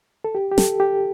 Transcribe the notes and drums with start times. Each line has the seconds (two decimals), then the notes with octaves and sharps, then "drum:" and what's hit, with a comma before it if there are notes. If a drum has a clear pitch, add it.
0.24 A4
0.35 G4
0.51 G4
0.58 A4, drum: snare
0.80 G4